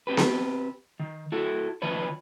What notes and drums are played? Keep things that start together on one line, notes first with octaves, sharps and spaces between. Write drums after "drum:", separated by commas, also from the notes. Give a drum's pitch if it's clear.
C4 G4 B4
drum: snare B3
D#3
E4 F#4 A4
D#3 F3 B4 C#5